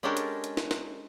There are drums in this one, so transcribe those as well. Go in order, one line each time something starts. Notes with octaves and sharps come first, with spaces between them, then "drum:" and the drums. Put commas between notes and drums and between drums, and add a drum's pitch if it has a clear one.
G#3 C#4 D4 G4 A4 A#4
drum: hi-hat
drum: hi-hat
drum: snare
drum: snare